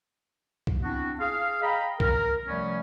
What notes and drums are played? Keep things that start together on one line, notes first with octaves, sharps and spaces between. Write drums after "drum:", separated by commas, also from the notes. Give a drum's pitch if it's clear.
drum: kick C2
B3 C4 D4 E4 F#4
G#4 F5
D#5 F5 G5 A#5 B5
A#4, drum: kick C2
C3 F3 G3 A3 B3 C#4